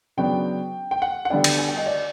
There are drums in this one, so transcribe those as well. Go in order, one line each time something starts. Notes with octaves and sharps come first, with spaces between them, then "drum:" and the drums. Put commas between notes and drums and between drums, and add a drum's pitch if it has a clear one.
C#3 F#3 B3 D4 G5
G5
F#5
F#5
D3 G3 B3 D4 G5
drum: cymbal
G#5
G5
D#5
D5